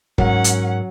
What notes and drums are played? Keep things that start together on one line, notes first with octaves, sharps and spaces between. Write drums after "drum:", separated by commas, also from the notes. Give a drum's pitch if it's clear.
G#2 F#3 C#4 A#4 F#5, drum: kick
drum: hi-hat